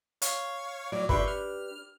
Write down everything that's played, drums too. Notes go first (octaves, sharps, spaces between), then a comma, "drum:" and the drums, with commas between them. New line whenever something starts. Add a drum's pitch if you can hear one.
C#5 F5 C#6, drum: hi-hat
A2 F#3 D5
D4 G4 B4 E5 C6 C#6, drum: kick
F6